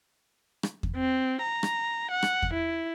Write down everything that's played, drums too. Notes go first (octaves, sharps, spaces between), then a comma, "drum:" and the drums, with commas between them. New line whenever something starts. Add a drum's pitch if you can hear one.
drum: rim click
drum: kick E2
C4
A#5
drum: rim click
F#5
drum: rim click
drum: kick E2
E4